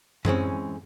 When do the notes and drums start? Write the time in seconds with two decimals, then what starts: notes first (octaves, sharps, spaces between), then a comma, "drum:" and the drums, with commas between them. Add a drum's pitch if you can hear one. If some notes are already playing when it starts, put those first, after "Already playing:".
0.25 E3 G#3 C4 C#4, drum: tom F#2